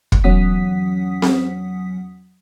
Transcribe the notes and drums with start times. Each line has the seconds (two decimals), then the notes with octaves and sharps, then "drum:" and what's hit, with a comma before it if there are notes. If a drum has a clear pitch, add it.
0.12 drum: kick
0.24 E2 F#3 C#4 F#5 D#6 B6
1.22 drum: snare C4